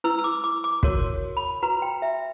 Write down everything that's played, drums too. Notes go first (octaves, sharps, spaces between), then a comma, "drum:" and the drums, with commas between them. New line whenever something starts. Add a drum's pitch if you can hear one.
E4 B4 E6
E6
D6
D6
D6
F#4 A#4 C#5, drum: kick
B5
F#4 B4 A#5
G5
E5